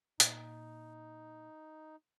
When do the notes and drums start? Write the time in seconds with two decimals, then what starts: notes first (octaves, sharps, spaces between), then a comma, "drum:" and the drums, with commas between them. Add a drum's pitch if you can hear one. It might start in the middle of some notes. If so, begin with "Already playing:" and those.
0.20 A#2 D#4, drum: hi-hat